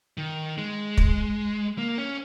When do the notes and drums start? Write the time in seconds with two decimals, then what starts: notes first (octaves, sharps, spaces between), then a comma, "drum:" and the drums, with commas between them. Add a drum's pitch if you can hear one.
0.18 D#3
0.58 G#3
0.97 drum: kick
1.78 A#3
1.98 C#4